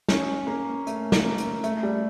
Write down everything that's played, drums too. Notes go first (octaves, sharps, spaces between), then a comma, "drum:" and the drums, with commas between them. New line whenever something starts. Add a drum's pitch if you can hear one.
C#4, drum: snare
A#3
A3, drum: hi-hat
drum: snare
A#3
drum: hi-hat
A3, drum: hi-hat
G3